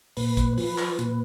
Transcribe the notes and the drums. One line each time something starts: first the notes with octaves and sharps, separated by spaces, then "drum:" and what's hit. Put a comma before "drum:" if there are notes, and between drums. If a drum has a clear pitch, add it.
A#2 B4, drum: open hi-hat
drum: kick, hi-hat
F3 B4, drum: open hi-hat
drum: clap
A#2, drum: hi-hat